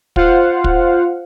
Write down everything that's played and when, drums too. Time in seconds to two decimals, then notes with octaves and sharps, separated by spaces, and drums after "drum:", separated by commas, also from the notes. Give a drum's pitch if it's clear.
0.16 F4 C5 F5 F#5, drum: kick
0.64 drum: kick